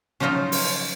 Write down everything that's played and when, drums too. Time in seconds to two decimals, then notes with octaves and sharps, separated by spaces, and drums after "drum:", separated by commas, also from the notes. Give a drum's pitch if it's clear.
0.20 C#3 F3 F#3 D#4 F4 C5
0.52 drum: open hi-hat